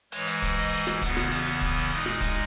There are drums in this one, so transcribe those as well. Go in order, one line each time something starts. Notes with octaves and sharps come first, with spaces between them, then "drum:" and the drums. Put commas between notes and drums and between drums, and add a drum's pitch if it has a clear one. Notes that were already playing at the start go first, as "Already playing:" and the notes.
G#2 E3 G#3 C#5, drum: hi-hat
drum: hi-hat
drum: kick, open hi-hat
D#5, drum: open hi-hat
drum: open hi-hat
drum: snare
E2 C#3 E3 B3 F#5, drum: kick, hi-hat
drum: snare
drum: hi-hat
drum: hi-hat
drum: kick, open hi-hat
drum: open hi-hat
A#2 G#3 D#4 D#6, drum: open hi-hat
drum: snare
drum: kick, hi-hat